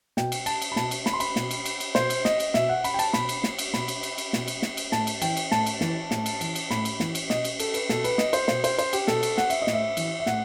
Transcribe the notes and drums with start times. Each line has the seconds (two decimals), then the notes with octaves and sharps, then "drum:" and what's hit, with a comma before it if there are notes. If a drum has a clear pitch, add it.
0.17 B2 G5, drum: snare
0.32 drum: cymbal
0.46 A5, drum: cymbal
0.62 drum: cymbal
0.72 B5
0.76 B2 A5, drum: snare
0.91 drum: cymbal
1.06 B5, drum: snare
1.13 C6
1.20 B5, drum: cymbal
1.36 B2, drum: snare
1.51 drum: cymbal
1.65 drum: cymbal
1.80 drum: cymbal
1.95 B2 C5, drum: snare
2.10 drum: cymbal
2.25 D#5, drum: snare
2.40 drum: cymbal
2.54 B2 E5, drum: snare
2.69 F#5
2.84 B5, drum: cymbal
2.94 G5
2.99 A5, drum: cymbal
3.13 B2 B5, drum: snare
3.29 drum: cymbal
3.44 drum: snare
3.58 drum: cymbal
3.74 B2 B5, drum: snare
3.88 drum: cymbal
4.03 drum: cymbal
4.18 drum: cymbal
4.33 B2, drum: snare
4.48 drum: cymbal
4.62 drum: snare
4.77 drum: cymbal
4.92 A2 A5, drum: snare
5.07 drum: cymbal
5.22 E3 G5, drum: cymbal
5.37 drum: cymbal
5.51 A2 A5, drum: snare
5.66 drum: cymbal
5.81 E3, drum: snare
6.11 A2, drum: snare
6.26 drum: cymbal
6.41 E3, drum: cymbal
6.55 drum: cymbal
6.70 A2 B5, drum: snare
6.85 drum: cymbal
7.00 E3, drum: snare
7.15 drum: cymbal
7.30 B2 D#5, drum: snare
7.45 drum: cymbal
7.59 A4, drum: cymbal
7.74 B4, drum: cymbal
7.89 B2 A4, drum: snare
8.04 B4, drum: cymbal
8.18 D#5, drum: snare
8.33 C5, drum: cymbal
8.48 B2 C5, drum: snare
8.64 C5, drum: cymbal
8.79 C5, drum: cymbal
8.93 G4, drum: cymbal
9.08 B2 A4, drum: snare
9.23 drum: cymbal
9.38 F#5, drum: snare
9.50 E5, drum: cymbal
9.62 D#5
9.67 A2, drum: snare
9.74 E5
9.97 E3, drum: cymbal
10.20 E5
10.26 A2 F#5, drum: snare